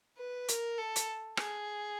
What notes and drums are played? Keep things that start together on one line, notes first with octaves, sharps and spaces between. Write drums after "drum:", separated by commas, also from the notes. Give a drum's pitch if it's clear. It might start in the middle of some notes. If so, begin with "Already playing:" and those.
B4
A#4, drum: hi-hat
A4
drum: hi-hat
G#4, drum: rim click